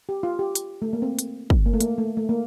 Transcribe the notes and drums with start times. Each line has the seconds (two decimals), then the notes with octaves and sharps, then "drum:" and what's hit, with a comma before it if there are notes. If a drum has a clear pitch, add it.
0.09 G4
0.23 F4
0.39 G4
0.55 drum: hi-hat
0.82 A3
0.93 A#3
1.02 C4
1.19 drum: hi-hat
1.50 drum: kick
1.66 A#3
1.73 A3
1.80 A#3, drum: hi-hat
1.98 A3
2.17 A3
2.29 A#3